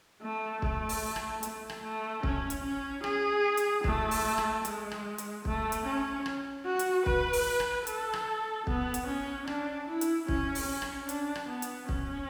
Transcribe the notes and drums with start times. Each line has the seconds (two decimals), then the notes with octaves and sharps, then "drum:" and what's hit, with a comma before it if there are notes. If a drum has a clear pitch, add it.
0.22 A3
0.62 A3, drum: kick
0.89 drum: open hi-hat
1.16 drum: rim click
1.43 A3, drum: hi-hat
1.70 drum: rim click
1.83 A3
2.23 C#4, drum: kick
2.50 drum: hi-hat
2.64 C#4
3.04 G#4, drum: rim click
3.57 drum: hi-hat
3.84 A3, drum: kick
4.11 drum: open hi-hat
4.38 drum: rim click
4.65 G#3, drum: hi-hat
4.91 drum: rim click
5.18 drum: hi-hat
5.45 A3, drum: kick
5.72 drum: hi-hat
5.86 C#4
6.26 drum: rim click
6.66 F#4
6.79 drum: hi-hat
7.06 B4, drum: kick
7.33 drum: open hi-hat
7.60 drum: rim click
7.87 A4, drum: hi-hat
8.13 drum: rim click
8.67 B3, drum: kick
8.94 drum: hi-hat
9.07 C#4
9.47 D4, drum: rim click
9.88 E4
10.01 drum: hi-hat
10.28 C#4, drum: kick
10.55 drum: open hi-hat
10.68 C#4
10.82 drum: rim click
11.09 D4, drum: hi-hat
11.35 drum: rim click
11.49 B3
11.62 drum: hi-hat
11.89 C#4, drum: kick